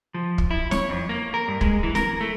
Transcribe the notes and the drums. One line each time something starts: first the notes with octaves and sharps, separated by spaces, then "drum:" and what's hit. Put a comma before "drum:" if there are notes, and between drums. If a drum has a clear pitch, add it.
F3
drum: kick
E4
C#5, drum: snare
F2
A#3
A#4
G2
G#3, drum: kick
E3
A#4, drum: snare
A3